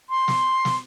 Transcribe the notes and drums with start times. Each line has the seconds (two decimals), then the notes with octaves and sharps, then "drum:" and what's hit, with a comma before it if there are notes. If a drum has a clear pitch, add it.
0.09 C6
0.28 drum: snare
0.65 drum: snare